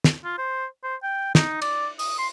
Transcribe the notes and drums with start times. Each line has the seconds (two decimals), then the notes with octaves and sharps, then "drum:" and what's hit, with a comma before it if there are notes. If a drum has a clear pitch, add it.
0.04 drum: snare
0.24 F4
0.38 C5
0.84 C5
1.03 G5
1.35 D#4, drum: snare
1.62 D5, drum: cymbal
1.99 D#6, drum: open hi-hat
2.18 C6